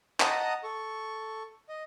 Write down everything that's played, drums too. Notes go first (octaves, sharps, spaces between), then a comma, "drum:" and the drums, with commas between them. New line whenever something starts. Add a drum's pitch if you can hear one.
D#5 F#5 A5 A#5 D#6, drum: clap
A4 C#6
D#5